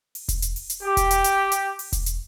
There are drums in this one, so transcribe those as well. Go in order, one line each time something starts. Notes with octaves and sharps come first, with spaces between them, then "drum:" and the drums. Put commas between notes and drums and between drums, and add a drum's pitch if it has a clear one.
drum: open hi-hat
drum: kick E1, hi-hat
drum: hi-hat
drum: open hi-hat
drum: hi-hat
G4
drum: kick E1, hi-hat
drum: hi-hat
drum: hi-hat
drum: hi-hat
drum: open hi-hat
drum: kick E1, hi-hat
drum: hi-hat